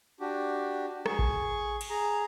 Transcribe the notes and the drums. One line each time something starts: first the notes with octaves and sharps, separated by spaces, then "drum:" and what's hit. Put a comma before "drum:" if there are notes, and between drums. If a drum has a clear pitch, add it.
D4 F#4 G4
G#4 C#6, drum: rim click
drum: kick A1
drum: cymbal
G#4 A#5